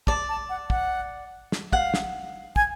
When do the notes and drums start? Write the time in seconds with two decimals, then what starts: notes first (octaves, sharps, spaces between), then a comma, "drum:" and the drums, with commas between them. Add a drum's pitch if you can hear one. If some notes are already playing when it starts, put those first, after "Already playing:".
0.07 D5 A5, drum: kick
0.29 A5
0.49 F#5
0.70 F#5, drum: kick
1.52 drum: snare
1.73 F5 F#5, drum: kick
1.94 drum: snare
2.56 G#5, drum: kick